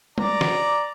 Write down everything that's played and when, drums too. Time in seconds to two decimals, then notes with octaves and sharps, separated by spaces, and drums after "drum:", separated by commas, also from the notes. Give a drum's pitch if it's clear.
0.18 D5 A#5, drum: tom G3
0.41 drum: snare